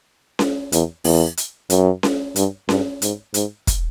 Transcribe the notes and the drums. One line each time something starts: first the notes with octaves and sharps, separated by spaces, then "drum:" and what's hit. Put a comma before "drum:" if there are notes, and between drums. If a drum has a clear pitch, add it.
drum: snare C#4
E2, drum: hi-hat
E2, drum: open hi-hat
drum: hi-hat
F#2, drum: hi-hat
drum: snare C#4
G2, drum: hi-hat
G2, drum: snare C#4
G#2, drum: hi-hat
G#2, drum: hi-hat
drum: kick, hi-hat